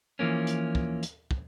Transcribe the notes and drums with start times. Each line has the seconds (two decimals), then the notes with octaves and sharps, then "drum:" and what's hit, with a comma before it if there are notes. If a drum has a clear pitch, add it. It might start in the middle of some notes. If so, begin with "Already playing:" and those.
0.19 E3 F3 A#3 C#4
0.47 drum: hi-hat
0.75 drum: kick
1.03 drum: hi-hat
1.31 drum: kick